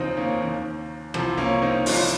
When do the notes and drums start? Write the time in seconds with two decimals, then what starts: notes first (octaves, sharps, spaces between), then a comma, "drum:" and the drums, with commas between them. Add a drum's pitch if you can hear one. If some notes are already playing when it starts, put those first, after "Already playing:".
Already playing: F1 D#2 C#3 F3 C4 D#4
0.17 A#3 C#4
0.42 D#2 D#3
1.14 C2 C3 F3, drum: rim click
1.37 A#3 C#4
1.62 C4 D#4
1.86 C2 C3 F3 C#4 F4, drum: open hi-hat